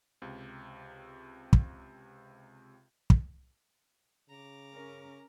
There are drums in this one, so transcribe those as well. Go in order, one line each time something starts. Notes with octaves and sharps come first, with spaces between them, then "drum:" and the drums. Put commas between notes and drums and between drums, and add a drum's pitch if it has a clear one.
C#2 C3
drum: kick
drum: kick
C#3 A#5 D6
C#4 A#4